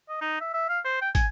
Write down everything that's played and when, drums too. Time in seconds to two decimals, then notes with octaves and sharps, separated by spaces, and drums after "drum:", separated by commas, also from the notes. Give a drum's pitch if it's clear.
0.09 D#5
0.21 D#4
0.41 E5
0.54 E5
0.69 F5
0.85 C5
1.02 G5
1.15 G#5, drum: kick, hi-hat